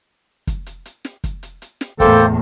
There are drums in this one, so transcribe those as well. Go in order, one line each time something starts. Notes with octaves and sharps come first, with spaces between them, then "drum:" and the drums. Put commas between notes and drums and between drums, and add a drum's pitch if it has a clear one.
drum: kick, hi-hat
drum: hi-hat
drum: hi-hat
drum: snare
drum: kick, hi-hat
drum: hi-hat
drum: hi-hat
drum: snare
E2 A2 A#3 A4 C5 G5, drum: kick, hi-hat
drum: hi-hat